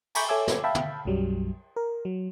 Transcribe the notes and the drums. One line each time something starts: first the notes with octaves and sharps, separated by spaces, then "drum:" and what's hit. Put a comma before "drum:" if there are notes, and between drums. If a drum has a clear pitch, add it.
G#5 A#5 B5 C#6 D6 G6, drum: cymbal
A4 C#5 E5 G#5 D6 E6
drum: snare
E5 F5 G5 A5 B5
drum: tom
B1 F#2 F#3 G3
A#4
F#3